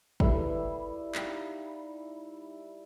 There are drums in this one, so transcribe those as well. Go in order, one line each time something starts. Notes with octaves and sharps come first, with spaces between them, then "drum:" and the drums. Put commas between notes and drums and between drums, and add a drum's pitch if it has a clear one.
G3 E4 G#4 A4 B4, drum: kick
D#4 F5 G5, drum: clap